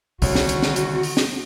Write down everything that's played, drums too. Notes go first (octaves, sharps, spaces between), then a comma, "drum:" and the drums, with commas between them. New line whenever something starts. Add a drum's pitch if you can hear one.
C2 D3 D#3 F#4 C#5, drum: open hi-hat
drum: snare
drum: hi-hat
drum: snare
drum: hi-hat
drum: open hi-hat
drum: snare